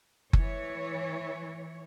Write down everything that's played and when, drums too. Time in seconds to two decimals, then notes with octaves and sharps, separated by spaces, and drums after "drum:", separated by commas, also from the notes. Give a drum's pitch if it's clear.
0.33 E3 C#5, drum: kick F#1